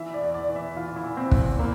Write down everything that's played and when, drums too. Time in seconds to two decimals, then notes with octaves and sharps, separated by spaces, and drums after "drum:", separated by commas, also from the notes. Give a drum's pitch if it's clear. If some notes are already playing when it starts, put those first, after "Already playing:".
Already playing: E3 E5
0.14 D5
0.21 E2
0.34 D5
0.49 E3
0.55 E5
0.76 E3 F4
0.96 E4
1.03 E3
1.17 C4
1.31 E2, drum: kick
1.59 E3 A#3